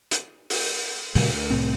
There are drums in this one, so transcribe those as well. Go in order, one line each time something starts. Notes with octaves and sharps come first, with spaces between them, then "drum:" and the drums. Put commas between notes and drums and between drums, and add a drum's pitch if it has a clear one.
drum: hi-hat
drum: open hi-hat
A#2 C#3 F#3 G#3, drum: open hi-hat
D2
C2 A2 C4